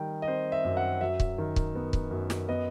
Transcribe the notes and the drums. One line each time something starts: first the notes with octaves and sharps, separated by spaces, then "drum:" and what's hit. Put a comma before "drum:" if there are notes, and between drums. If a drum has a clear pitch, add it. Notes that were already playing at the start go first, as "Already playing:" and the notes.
Already playing: D#3 G3 G5
D#5
C4 C5
E5
F#2
F#5
F#3 E5
drum: kick C#1
D#3
drum: kick C#1
B3
drum: kick C#1
F#2
drum: snare
B3 D#5